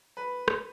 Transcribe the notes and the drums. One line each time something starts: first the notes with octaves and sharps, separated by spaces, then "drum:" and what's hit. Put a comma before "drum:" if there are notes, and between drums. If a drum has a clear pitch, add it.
B4
drum: rim click